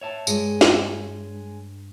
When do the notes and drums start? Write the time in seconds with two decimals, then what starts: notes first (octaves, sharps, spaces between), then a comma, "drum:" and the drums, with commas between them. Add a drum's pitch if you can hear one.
0.01 C#5 E5 A5
0.27 G2 G#3 C#5, drum: tambourine
0.61 drum: snare